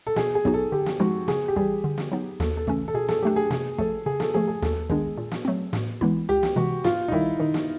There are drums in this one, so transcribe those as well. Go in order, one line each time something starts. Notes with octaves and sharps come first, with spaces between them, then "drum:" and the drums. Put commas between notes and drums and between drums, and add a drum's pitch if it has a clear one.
A4
B2 G#4, drum: snare
G#4
F#3 B3 D#4 F#4, drum: kick
A4
D3 G4
drum: snare
F3 G#3 C4 D#4 F#4
C#3 G#4, drum: snare
G4
E3 G3 G#4, drum: kick
D3
drum: snare
F#3 B3 D#4
D#2 A4, drum: snare
A4
C#3 E3 A3 C#4, drum: kick
A4
B2 G#4
A4, drum: snare
F#3 A3 D4 G4
G#4
C3 G#4, drum: snare
F3 A3 A4, drum: kick
C#3 G#4
A4, drum: snare
F3 A3 G#4
G#4
D#2 A4, drum: snare
D#3 G#3 B3 D4 G#4, drum: kick
A#2
drum: snare
F#3 A3 C4
A2, drum: snare
E3 G#3 B3 E4, drum: kick
C#2 G4
drum: snare
C3 E3 G#3 F#4
G#2 F4, drum: snare
D#4
D#3 G3 E4, drum: kick
D#3 D#4
drum: snare